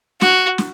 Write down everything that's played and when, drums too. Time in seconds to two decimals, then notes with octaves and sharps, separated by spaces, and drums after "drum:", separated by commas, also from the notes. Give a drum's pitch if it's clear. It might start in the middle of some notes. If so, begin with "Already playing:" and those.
0.21 F#4, drum: snare
0.58 drum: snare